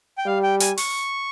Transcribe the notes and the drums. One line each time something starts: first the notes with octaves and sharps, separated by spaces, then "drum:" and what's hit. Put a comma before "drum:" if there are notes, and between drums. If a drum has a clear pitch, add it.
G5
G3 F5
G5
G#5, drum: hi-hat
C#6, drum: open hi-hat